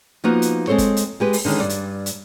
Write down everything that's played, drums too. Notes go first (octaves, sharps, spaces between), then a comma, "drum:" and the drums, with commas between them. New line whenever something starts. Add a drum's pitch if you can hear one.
F3 A#3 B3 D#4 F#4
drum: hi-hat
G#3 C4 A4 C5 C#5
drum: kick G1, hi-hat
drum: hi-hat
G#3 G4 B4
drum: open hi-hat
D3 D#3 G3 G#3 C#4
G2 G3 D5
drum: hi-hat
drum: hi-hat